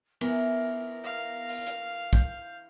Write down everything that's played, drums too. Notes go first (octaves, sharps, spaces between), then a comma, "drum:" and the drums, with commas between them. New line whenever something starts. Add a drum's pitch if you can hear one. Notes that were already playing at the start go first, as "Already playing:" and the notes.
E3 B3 A#4, drum: cymbal
F5
drum: open hi-hat
drum: hi-hat
G6, drum: kick